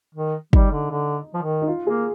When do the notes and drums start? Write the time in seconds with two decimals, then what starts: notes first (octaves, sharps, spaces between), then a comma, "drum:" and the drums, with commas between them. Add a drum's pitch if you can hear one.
0.15 D#3
0.53 G3 D#4, drum: kick
0.72 D3
0.91 D3
1.34 F3
1.42 D#3
1.62 D#4
1.68 F4
1.86 A#3 G#4